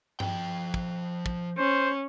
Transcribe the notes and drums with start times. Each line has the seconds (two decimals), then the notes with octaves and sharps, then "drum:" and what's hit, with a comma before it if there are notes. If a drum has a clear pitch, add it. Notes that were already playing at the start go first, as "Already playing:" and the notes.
0.20 F3 G5, drum: tom G2
0.74 drum: kick
1.26 drum: kick
1.58 C#4 C5